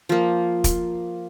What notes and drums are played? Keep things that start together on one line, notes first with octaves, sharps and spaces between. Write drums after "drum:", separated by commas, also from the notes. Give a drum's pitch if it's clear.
F3 A#3
drum: kick, hi-hat